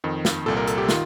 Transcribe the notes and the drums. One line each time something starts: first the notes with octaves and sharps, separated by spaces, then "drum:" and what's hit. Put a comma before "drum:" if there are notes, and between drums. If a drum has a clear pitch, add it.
F2 D#3
drum: snare
C2 A#2 A4
A#4
A4, drum: hi-hat
G4
D#3 F4, drum: snare